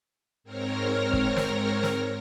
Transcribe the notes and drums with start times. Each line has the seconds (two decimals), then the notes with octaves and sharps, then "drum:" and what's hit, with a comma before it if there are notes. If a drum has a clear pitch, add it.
0.44 G#2 C4 A#4 C#5 F6 A#6
1.13 drum: kick
1.37 drum: snare
1.83 drum: snare